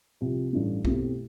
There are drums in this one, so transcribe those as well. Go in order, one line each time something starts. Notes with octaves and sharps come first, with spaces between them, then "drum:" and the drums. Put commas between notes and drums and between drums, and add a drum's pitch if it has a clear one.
C2 C3 F3
A1 G2 E3 A3
B2 A3 C4 E4 G4, drum: kick B1